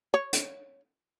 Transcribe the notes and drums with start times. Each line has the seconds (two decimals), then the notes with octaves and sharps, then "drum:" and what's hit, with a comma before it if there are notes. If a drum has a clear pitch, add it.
0.14 C#5
0.33 drum: hi-hat